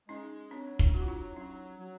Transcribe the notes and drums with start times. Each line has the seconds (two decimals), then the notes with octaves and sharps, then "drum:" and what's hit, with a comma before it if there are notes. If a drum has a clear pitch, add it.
0.08 G#3 C#4 D#4
0.51 F#3 C4 D4
0.79 D4 E4, drum: kick
0.94 F#3 F#4
1.01 F4
1.08 D4 E4
1.36 F#3 C#4 D#4
1.79 F#3